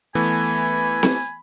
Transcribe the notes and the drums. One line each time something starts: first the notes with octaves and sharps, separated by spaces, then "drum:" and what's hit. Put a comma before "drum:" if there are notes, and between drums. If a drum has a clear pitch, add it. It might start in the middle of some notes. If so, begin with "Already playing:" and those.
E3 A3 B3 G#5 B5
drum: snare